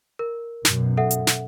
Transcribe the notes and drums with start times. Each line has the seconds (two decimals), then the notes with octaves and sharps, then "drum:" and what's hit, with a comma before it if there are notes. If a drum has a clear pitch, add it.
0.19 A#4
0.65 F#2 B2, drum: snare
0.97 A4 E5 F#5
1.11 drum: hi-hat
1.27 drum: snare